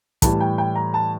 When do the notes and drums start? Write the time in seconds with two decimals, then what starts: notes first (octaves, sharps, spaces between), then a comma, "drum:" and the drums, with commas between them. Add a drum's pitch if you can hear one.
0.22 A2 E3 G3 A5, drum: kick, hi-hat
0.41 G5
0.58 G5
0.75 A#5
0.94 A5